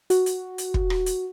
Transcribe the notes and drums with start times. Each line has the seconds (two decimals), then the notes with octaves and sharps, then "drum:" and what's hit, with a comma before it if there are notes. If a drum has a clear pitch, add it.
0.10 F#4, drum: hi-hat
0.26 drum: hi-hat
0.58 drum: hi-hat
0.74 drum: kick
0.90 drum: rim click
1.06 drum: hi-hat